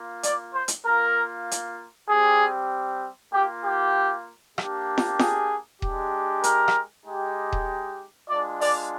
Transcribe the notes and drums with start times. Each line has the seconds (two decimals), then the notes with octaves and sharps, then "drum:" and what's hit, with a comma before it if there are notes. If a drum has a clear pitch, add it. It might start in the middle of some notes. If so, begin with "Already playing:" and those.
Already playing: A#3 F4
0.23 D5, drum: hi-hat
0.55 C5
0.68 drum: hi-hat
0.84 A#3 F4 A#4
1.51 drum: hi-hat
2.09 G3 C4 G4 G#4
3.33 A#3 F4 G4
3.65 G4
4.58 A#3 D4 G4, drum: rim click
4.98 drum: snare
5.19 G#4, drum: snare
5.82 G#3 D4 G4, drum: kick D#1
6.44 A#4, drum: hi-hat
6.68 drum: rim click
7.06 G#3 D#4 G4
7.52 drum: kick D#1
8.29 G#3 D4 F4 D5
8.61 D5, drum: open hi-hat